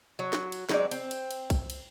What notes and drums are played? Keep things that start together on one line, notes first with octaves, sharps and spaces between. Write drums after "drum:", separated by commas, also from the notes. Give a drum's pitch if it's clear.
F#3
drum: snare
drum: cymbal
F#3 G#3 C4 D5, drum: snare
C4, drum: cymbal
drum: cymbal
drum: cymbal
drum: kick, cymbal
drum: cymbal